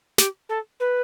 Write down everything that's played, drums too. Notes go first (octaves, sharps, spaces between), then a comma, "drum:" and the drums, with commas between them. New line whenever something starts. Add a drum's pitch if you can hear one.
G4, drum: snare
A4
B4